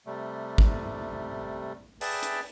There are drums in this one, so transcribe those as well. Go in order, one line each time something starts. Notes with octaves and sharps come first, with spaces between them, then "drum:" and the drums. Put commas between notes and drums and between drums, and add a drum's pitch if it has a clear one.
C3 G3 A3
drum: kick
G#4 B4 D5 E5 G5 A5, drum: open hi-hat
drum: hi-hat